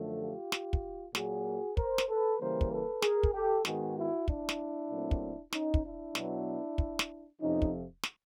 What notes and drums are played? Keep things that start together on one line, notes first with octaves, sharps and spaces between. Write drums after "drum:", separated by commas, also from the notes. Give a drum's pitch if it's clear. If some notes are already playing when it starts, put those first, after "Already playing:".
Already playing: F#2 D3 F3 A3
F4 G4
drum: snare
drum: kick
A#2 F#3 A#3 F#4 G#4, drum: snare
A#4 C5, drum: kick
drum: snare
A4 B4
C#3 E3 G3 A#3 A#4 C5
drum: kick
A4 B4
G#4 A#4, drum: snare
drum: kick
G4 A4
G#2 D#3 G#3 B3 F#4 G#4, drum: snare
E4 F#4
D4 E4, drum: kick
drum: snare
A#2 F#3 A3 C4
drum: kick
C#4 D#4, drum: snare
drum: kick
D4 E4
B2 F#3 B3, drum: snare
drum: kick
drum: snare
F2 C3 F3 C#4 D#4
drum: kick
drum: snare